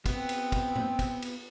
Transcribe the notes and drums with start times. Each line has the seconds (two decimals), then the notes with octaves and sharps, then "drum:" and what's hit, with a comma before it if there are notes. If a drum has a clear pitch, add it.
0.06 B3 C4, drum: kick, cymbal
0.29 drum: cymbal
0.52 drum: kick, cymbal
0.76 drum: tom A2
0.99 drum: kick, cymbal
1.22 drum: cymbal